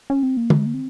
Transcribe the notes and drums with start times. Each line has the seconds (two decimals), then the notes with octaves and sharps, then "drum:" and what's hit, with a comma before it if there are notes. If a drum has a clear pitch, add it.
0.10 C#4
0.23 C4
0.37 A#3
0.50 G#3, drum: tom D3
0.66 A#3
0.74 C4